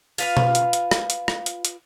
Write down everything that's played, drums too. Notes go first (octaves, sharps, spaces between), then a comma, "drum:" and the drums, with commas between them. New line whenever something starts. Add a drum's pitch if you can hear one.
F4 B4 F5, drum: open hi-hat
drum: tom B2
drum: hi-hat
drum: hi-hat
drum: rim click
drum: hi-hat
drum: rim click
drum: hi-hat
drum: hi-hat